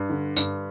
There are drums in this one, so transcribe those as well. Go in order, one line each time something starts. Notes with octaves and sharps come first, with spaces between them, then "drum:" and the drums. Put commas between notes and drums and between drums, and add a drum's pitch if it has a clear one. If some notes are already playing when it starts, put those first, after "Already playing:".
Already playing: G2
D3
G2, drum: tambourine